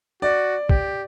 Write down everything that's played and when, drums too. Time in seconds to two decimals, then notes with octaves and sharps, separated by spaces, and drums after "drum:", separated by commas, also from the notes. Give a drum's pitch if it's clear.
0.22 F#4 D5
0.69 G4, drum: kick